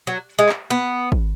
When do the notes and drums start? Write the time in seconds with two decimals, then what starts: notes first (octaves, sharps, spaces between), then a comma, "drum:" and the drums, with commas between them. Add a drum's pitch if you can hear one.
0.07 F#3
0.39 G#3
0.49 drum: clap
0.70 B3
1.12 drum: kick